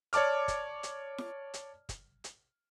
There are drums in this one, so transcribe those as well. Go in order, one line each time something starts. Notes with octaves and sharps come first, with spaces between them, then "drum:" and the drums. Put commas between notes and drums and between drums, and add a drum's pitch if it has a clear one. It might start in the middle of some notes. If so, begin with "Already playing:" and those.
C#5 D5 A5 D6 F6, drum: hi-hat
drum: kick, hi-hat
drum: hi-hat
drum: snare
drum: hi-hat
drum: kick, hi-hat
drum: hi-hat